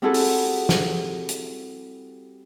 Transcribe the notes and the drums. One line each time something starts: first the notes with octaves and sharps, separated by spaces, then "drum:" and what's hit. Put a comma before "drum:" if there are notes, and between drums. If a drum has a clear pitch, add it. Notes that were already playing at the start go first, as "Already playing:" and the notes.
G3 C4 E4 F#4 G#4 A4
drum: open hi-hat
drum: snare
drum: hi-hat